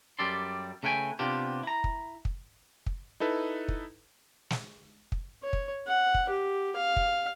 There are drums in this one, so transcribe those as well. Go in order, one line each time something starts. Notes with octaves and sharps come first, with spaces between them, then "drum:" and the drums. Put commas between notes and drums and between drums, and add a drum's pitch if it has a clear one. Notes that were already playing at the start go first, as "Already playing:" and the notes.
F#2 G3 G4 A4 D5 C6
C#3 A3 B4 G5 G#5
C3 B3 D4 F4 G4
E4 A#5
drum: kick
drum: kick
drum: kick
D#4 E4 A4 B4
drum: kick
drum: snare
drum: kick
C#5
drum: kick
F#5
drum: kick
G4
F5
drum: kick